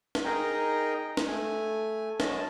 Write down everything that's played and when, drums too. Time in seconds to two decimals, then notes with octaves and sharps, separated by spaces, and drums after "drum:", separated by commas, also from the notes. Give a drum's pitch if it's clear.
0.15 drum: snare
0.25 D#4 G#4 A#4 D#5 G5
1.17 drum: snare
1.28 A3 G#5
2.20 F#2 C#4 D#5 A5, drum: snare